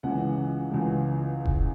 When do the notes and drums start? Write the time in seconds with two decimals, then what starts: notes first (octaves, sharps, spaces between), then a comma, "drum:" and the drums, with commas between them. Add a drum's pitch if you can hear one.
0.03 C#2 C#3 E3 G#3 F#5
0.71 C#2 C#3 E3 G#3
1.46 drum: kick E1